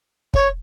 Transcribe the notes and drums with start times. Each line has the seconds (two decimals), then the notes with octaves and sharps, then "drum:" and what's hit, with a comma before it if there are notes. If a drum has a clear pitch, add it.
0.34 C#5, drum: kick